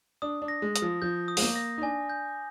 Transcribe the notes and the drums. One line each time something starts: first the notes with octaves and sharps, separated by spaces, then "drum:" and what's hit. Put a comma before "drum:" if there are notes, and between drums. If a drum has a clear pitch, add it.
D4 D#6
D4
A#6
G#3
D#6, drum: hi-hat
F3
F3 G6
D#6
G#3, drum: open hi-hat
A#3
A#6
D#4
D4 G#5
G6